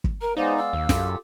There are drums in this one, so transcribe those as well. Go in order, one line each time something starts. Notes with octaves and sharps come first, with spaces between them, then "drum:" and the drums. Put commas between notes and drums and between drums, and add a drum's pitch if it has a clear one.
drum: kick
A#4 A#5
G#3 B3 D#4 C5 D5 F5
E6
D#2 A#3
F#2 F4 G4 A4, drum: snare